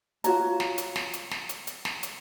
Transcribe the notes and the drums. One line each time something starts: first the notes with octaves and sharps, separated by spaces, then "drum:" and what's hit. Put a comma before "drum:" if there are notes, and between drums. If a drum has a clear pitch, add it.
F4 F#4 C#5 A#5, drum: hi-hat
drum: snare
drum: hi-hat
drum: snare
drum: hi-hat
drum: snare
drum: hi-hat
drum: hi-hat
drum: snare
drum: hi-hat